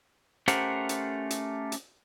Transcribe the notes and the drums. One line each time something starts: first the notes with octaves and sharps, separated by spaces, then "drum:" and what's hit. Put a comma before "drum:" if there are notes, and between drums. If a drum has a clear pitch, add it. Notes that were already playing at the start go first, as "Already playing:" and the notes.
A3 C#4 G4 A#4 C5 F#5, drum: hi-hat
drum: hi-hat
drum: hi-hat
drum: hi-hat